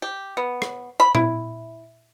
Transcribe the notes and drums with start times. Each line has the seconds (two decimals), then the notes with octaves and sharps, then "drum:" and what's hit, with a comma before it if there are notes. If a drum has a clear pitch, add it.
0.02 G4
0.37 B3
0.62 drum: rim click
1.00 B5
1.15 E4, drum: tom A#2